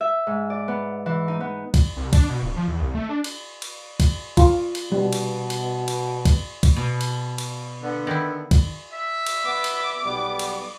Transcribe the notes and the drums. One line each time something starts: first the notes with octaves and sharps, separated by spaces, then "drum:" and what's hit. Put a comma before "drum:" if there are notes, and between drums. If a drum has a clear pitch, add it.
E5
G#2
D5
B3
E3
D#4
B3
drum: kick, cymbal
C2
D4, drum: kick, cymbal
B2
D1
F3
E2
C2
A3
D4
drum: cymbal
drum: cymbal
drum: kick, cymbal
F4, drum: kick, cymbal
drum: cymbal
B2 G3
drum: cymbal
drum: cymbal
drum: cymbal
drum: kick, cymbal
drum: kick, cymbal
B2
drum: cymbal
drum: cymbal
D3 B3
D#3 E4
drum: kick, cymbal
E5
drum: cymbal
B3 D6
drum: cymbal
B1 G3 B3
drum: cymbal